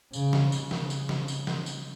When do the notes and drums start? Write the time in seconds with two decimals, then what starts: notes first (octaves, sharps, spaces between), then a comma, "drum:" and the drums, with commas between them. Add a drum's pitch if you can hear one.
0.13 C#3, drum: tambourine
0.33 drum: snare
0.52 C#3, drum: tambourine
0.71 drum: snare
0.90 drum: tambourine
1.09 drum: snare
1.28 drum: tambourine
1.47 drum: snare
1.66 drum: tambourine